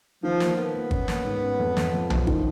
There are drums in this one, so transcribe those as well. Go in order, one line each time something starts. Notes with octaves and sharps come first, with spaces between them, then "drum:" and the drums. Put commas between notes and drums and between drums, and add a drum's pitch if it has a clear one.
D#3 F3
A#3, drum: snare
B3 A#4
A#3
C#4, drum: kick
A#3, drum: snare
G#2
C#4
F2
F2, drum: snare
F3
F3, drum: tom B1
D#3, drum: kick